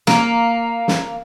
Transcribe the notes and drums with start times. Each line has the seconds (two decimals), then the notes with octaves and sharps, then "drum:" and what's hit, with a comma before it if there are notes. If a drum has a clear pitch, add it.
0.07 A#3, drum: snare
0.88 drum: snare